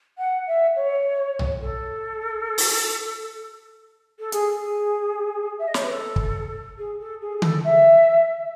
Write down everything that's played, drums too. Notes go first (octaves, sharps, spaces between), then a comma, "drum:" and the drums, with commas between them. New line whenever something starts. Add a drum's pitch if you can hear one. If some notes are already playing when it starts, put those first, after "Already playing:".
F#5
E5
C#5
drum: tom B1
A4
drum: open hi-hat
A4
G#4, drum: hi-hat
G#4
E5
D#5
C#5, drum: snare
B4
A4
drum: kick
G#4
A4
G#4
G#4
A4, drum: tom D3
E5